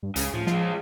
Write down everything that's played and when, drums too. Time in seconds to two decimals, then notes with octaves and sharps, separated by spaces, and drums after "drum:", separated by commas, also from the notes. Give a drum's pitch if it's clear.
0.03 G2
0.16 C#2 C#3, drum: hi-hat
0.33 A2 F3
0.47 F3 G#3 F4, drum: snare